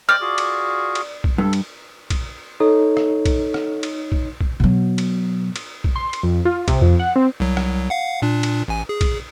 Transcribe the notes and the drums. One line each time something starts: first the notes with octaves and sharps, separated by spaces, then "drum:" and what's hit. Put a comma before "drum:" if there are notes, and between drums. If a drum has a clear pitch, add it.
C5 D5 D#5 G5 F6
F4 F#4 G#4
drum: cymbal
drum: cymbal
drum: kick
G2 A4
drum: cymbal
drum: kick, cymbal
D#4 A4 C#5
drum: rim click
drum: kick, cymbal
drum: rim click
drum: cymbal
drum: kick
drum: kick
B2 F#3
drum: cymbal
drum: cymbal
drum: kick
C6
drum: cymbal
F2
F4
C3, drum: kick, cymbal
F2
F#5
C4
C2 F#3
drum: rim click
F5 F#5
A#2 D4
drum: cymbal
A1 G#5
G#4
drum: kick, cymbal